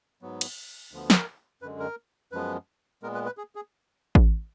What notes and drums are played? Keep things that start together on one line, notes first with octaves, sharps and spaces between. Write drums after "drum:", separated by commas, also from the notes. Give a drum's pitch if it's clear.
G#2 F#3 B3
drum: cymbal
D2 D3 F3 B3
A#4, drum: snare
F#2 D3 G#3 B4
A#4
F#2 F3 G#3 B3 B4
A#2 G#3 B3 A#4
B4
B4
G#4
G#4
drum: kick A1